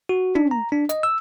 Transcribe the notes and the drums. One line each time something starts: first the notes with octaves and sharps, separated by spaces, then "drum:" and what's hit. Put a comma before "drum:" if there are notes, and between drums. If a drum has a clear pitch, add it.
F#4
D4, drum: tom
A#5
D4
D#5, drum: hi-hat
E6